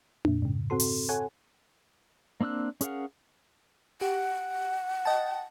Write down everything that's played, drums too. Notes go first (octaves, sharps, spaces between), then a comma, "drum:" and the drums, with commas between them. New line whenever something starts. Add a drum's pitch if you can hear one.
F2 A#2, drum: tom D4
G#2 C#3
C4 F#4 A4 C6
drum: open hi-hat
A4 C#5 F#5 G#5
A#3 C4 D4 E6 F#6
C#4 G#4 A#4 F5 F#5, drum: hi-hat
G4 F#5
D#5 G5 A5